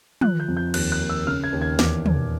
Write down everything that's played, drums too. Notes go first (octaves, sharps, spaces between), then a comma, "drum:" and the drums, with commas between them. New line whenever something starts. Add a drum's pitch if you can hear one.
F3 F#6, drum: tom
G6
F2
G6
D#2 F#6, drum: cymbal
F#6
D#2
E6
C#3 F6
G#6
D#2
G#6
E2 D6, drum: snare
E2, drum: tom